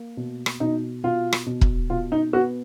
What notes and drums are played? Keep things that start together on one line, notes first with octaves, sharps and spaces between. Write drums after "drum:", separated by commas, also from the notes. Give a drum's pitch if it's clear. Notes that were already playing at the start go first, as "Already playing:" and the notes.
Already playing: A#3
B2
drum: rim click
B2 D#4
B2 F4
drum: rim click
B2
drum: kick
B2 F4
D#4
B3 F#4